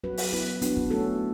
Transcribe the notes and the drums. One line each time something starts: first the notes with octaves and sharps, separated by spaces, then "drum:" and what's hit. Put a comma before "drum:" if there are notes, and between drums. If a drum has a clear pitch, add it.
F#3 C#4 F#4 B4
drum: open hi-hat
B3 E4 B4
B3 D4 F#4, drum: hi-hat
drum: kick
A3 C#4 F#4 A4